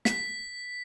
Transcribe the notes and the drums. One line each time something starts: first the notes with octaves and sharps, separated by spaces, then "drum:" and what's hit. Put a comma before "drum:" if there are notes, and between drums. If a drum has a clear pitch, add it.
B6, drum: snare